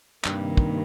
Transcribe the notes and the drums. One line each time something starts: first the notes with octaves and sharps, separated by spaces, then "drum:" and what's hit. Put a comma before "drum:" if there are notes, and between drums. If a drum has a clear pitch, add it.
G2 C3 D#3 A#3, drum: clap
drum: kick